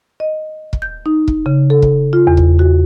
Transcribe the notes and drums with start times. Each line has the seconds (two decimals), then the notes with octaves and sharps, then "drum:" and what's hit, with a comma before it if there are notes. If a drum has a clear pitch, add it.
0.20 D#5
0.73 drum: kick
0.82 G6
1.06 D#4
1.28 drum: kick
1.46 C#3
1.70 A4
1.82 drum: kick
2.13 F4
2.27 E2
2.37 drum: kick
2.59 F#4